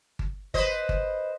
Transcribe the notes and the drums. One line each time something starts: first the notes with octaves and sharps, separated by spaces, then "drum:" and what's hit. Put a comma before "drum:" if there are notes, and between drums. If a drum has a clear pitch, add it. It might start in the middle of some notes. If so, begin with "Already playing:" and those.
drum: kick G1
B4 C5 D#5, drum: kick G1
drum: kick G1